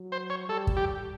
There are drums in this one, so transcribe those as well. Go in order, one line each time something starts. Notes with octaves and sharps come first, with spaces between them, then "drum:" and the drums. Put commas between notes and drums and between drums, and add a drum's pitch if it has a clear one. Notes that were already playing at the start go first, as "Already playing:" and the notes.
Already playing: F#3
C5
C#5
G3 A4
drum: kick
G4